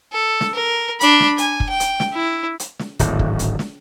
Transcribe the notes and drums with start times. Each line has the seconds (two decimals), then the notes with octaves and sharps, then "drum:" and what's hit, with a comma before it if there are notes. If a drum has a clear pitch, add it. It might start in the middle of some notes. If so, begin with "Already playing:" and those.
0.12 A4
0.41 drum: snare
0.55 A#4
1.01 D4 B5, drum: hi-hat
1.20 drum: snare
1.38 G#5, drum: hi-hat
1.60 drum: kick
1.70 G5
1.80 drum: hi-hat
2.00 drum: snare
2.13 E4
2.60 drum: hi-hat
2.79 drum: snare
2.99 D1 G#1, drum: hi-hat
3.19 drum: kick
3.39 drum: hi-hat
3.59 drum: snare